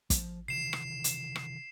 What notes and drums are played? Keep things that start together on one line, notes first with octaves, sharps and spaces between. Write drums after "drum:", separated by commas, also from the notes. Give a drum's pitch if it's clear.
F3, drum: kick, hi-hat
C3 D#3 E3 C7 E7
drum: rim click
drum: hi-hat
drum: rim click